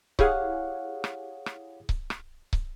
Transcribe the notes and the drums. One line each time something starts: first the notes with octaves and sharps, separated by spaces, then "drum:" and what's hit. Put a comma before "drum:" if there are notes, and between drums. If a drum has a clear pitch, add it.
E4 G4 G#4 C#5 F5 F#5, drum: kick C#1
drum: rim click
drum: rim click
drum: kick C#1
drum: rim click
drum: kick C#1